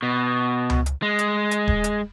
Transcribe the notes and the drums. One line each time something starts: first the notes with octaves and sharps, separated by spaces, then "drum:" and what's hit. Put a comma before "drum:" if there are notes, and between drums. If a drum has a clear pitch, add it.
B2
drum: tom C#2
drum: hi-hat
G#3
drum: hi-hat
drum: hi-hat
drum: kick D#1
drum: hi-hat